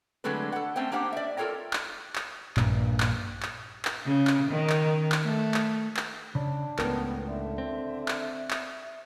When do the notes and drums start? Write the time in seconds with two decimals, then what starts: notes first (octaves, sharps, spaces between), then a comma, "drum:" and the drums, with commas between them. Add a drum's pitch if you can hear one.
0.24 D3 F#3 G#3 A3 C4 B4
0.52 A4 F#5
0.76 A3 C4 C#4 C5 G5
0.92 A#3 D4 G4 C5 F#5 G5
1.12 D5 E5
1.37 F4 A4 A#4 C#5 G5
1.73 drum: clap
2.16 drum: clap
2.57 A#1 G2 A#2, drum: clap
3.00 drum: clap
3.43 drum: clap
3.85 drum: clap
4.06 C#3
4.27 drum: clap
4.51 D#3
4.70 drum: clap
5.12 drum: clap
5.23 A3
5.54 drum: clap
5.97 drum: clap
6.35 C#3 D4
6.79 C#2 A2 B3 A#4 G5, drum: clap
7.28 D3 E5
7.58 C4
8.08 drum: clap
8.51 drum: clap